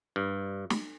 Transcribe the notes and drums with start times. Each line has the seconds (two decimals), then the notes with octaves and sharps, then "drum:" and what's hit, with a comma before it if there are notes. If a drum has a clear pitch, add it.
0.16 G2
0.70 drum: snare